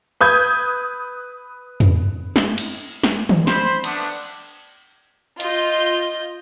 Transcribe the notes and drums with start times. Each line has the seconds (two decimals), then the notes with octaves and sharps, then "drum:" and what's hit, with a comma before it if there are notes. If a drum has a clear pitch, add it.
0.21 B4 D#6 G6 G#6
1.80 drum: tom
2.36 drum: snare
2.58 drum: cymbal
3.03 drum: snare
3.29 drum: tom
3.47 C5 B5, drum: snare
3.84 A3 B3 D4, drum: cymbal
5.40 F4 D#5 G6, drum: hi-hat